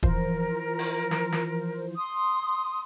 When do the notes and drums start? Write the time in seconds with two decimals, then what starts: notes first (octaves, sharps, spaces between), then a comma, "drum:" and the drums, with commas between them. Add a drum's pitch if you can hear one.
0.03 E3 F3 A#4 C5, drum: kick
0.79 drum: open hi-hat
1.11 drum: snare
1.32 drum: snare
1.97 C6 D#6